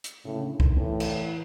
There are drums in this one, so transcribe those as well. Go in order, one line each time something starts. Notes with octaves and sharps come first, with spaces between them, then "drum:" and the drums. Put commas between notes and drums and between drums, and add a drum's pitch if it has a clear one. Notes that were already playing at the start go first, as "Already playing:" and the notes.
drum: hi-hat
A2 C#3
C#3
D3
D#3, drum: kick
A2 E3
drum: cymbal